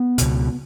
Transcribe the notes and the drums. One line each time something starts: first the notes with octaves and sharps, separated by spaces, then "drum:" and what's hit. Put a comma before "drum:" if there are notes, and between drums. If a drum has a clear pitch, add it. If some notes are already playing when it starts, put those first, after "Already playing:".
Already playing: B3
C#2 B2, drum: hi-hat